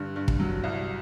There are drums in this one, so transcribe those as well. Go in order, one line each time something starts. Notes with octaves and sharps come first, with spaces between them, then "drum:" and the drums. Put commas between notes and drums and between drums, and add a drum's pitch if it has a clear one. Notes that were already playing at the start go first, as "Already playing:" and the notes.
Already playing: G2 D3
G2
drum: kick
F#3
C2